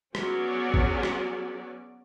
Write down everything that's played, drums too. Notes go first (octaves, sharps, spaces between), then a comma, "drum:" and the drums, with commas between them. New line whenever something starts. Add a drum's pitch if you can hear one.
F#3 B3 C#4 G#4 D5, drum: rim click
drum: kick A1
drum: rim click